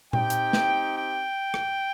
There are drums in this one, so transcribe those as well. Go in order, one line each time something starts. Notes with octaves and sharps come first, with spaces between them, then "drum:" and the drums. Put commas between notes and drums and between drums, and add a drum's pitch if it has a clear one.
C4 D#4 G4 G5, drum: tom A#2
drum: hi-hat
drum: snare
G5
drum: rim click